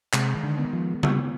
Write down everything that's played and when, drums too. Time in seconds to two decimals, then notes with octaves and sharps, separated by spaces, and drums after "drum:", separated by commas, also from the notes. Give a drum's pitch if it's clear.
0.13 C3 G#3, drum: clap
0.36 D#3
0.44 D3
0.58 B3
0.73 F3
0.81 G#3
1.03 G3 B3, drum: tom C#3